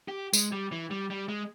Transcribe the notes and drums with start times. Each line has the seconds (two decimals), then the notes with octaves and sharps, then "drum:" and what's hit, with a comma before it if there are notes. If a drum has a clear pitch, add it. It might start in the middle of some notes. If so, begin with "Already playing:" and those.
0.08 G4
0.33 G#3, drum: tambourine
0.52 G3
0.72 E3
0.91 G3
1.10 G3
1.28 G#3